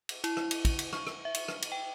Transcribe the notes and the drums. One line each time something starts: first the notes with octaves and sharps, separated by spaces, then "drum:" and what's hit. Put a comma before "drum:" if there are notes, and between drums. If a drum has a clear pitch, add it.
drum: cymbal
E4, drum: cymbal
drum: rim click
drum: cymbal
drum: kick, cymbal
drum: cymbal
C#6, drum: rim click
drum: rim click
E5
drum: cymbal
drum: rim click
drum: cymbal
G5